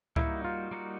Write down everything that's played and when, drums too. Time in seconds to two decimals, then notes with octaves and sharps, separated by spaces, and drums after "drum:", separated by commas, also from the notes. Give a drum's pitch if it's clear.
0.16 G3 A#3 D#4 E4 F#4, drum: kick C#2
0.44 F4
0.71 G3 A#3 D#4 F#4